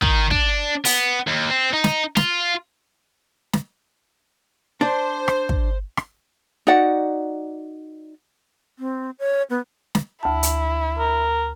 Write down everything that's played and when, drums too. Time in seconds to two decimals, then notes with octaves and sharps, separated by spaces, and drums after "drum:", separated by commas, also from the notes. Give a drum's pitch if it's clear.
0.02 D#3, drum: kick
0.31 D4, drum: kick
0.85 B3, drum: open hi-hat
1.27 D#2
1.50 C4
1.73 D#4
1.84 drum: snare
2.17 F4, drum: snare
3.53 drum: snare
4.81 D4 C5
5.28 drum: rim click
5.49 drum: kick
5.97 drum: rim click
6.67 D#4 F#4 D5 F#5
8.79 C4
9.19 C#5
9.50 B3
9.95 drum: snare
10.23 D2 E4 A5
10.43 drum: hi-hat
10.99 A#4